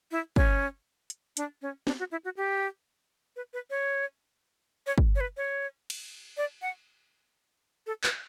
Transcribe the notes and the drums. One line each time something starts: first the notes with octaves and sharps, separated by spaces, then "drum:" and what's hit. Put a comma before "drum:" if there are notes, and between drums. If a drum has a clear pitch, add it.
E4
C#4, drum: kick
drum: hi-hat
D4, drum: hi-hat
C#4
D4, drum: snare
F#4
E4
F#4
G4
B4
B4
C#5
C#5
drum: kick
C#5
B4
C#5
drum: cymbal
D5
F#5
A4
B4, drum: clap